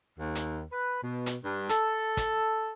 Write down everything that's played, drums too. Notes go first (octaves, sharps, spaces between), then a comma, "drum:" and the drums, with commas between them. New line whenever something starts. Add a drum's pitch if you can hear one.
D#2
drum: hi-hat
B4
B2
drum: hi-hat
G2
A4, drum: hi-hat
drum: kick, hi-hat